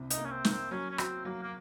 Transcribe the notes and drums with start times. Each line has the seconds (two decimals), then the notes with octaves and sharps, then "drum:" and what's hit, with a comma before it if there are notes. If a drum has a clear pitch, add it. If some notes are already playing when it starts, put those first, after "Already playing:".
Already playing: C2 C3
0.10 D#4, drum: hi-hat
0.17 A#3
0.25 C#4
0.31 C4
0.45 A#3, drum: snare
0.51 C4
0.71 F#3 C#4
0.90 C#4
0.98 C4 F#4, drum: rim click
1.25 F#3 A#3
1.42 A#3